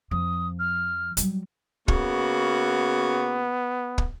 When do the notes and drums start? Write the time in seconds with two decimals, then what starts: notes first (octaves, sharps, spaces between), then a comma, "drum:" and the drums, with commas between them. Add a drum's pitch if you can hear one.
0.11 F2 F3 D#6
0.59 F6
1.17 F#3 G3, drum: hi-hat
1.88 C#3 A#3 B3 F#4, drum: kick
3.98 drum: kick